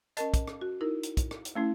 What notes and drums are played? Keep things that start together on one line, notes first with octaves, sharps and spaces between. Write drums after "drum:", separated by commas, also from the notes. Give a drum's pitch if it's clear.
C#4 A#4 D#5 A5 A6, drum: hi-hat
drum: kick, hi-hat
drum: rim click
F#4
D#4 E4 A#4
drum: hi-hat
drum: kick, hi-hat
drum: rim click
drum: hi-hat
A3 C#4 E4